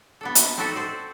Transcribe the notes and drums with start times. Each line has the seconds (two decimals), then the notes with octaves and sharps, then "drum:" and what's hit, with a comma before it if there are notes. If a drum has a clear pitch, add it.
0.21 B3 D4 A4
0.35 drum: hi-hat
0.57 C4 D#4 F#4 A4 D5 E5
0.76 C5 D5